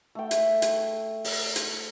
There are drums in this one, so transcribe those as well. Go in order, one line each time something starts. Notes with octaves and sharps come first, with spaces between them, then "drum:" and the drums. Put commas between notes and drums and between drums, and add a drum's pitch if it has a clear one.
A3 G5
drum: hi-hat
drum: hi-hat
drum: open hi-hat
drum: hi-hat